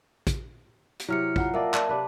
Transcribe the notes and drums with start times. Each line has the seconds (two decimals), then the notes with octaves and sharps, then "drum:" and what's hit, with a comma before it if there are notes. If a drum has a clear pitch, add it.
0.27 drum: kick, hi-hat
0.99 drum: hi-hat
1.09 C3 F#3 E4 F6 C#7
1.36 F4 F#5 A#5, drum: kick
1.54 A#3 A4 A#4 D5 E5
1.74 D4, drum: clap
1.89 C3 D4 B4